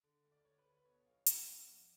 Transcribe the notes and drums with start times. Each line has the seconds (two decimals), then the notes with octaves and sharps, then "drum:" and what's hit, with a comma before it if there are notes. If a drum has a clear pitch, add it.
0.03 D3
0.25 D2
0.32 D5
0.45 D2 C#5
0.58 B4
0.65 D3
0.72 B4
0.85 B2 C#5
1.05 B1 C#5 F5
1.26 B1 D5 F#5, drum: hi-hat
1.46 B2
1.68 F2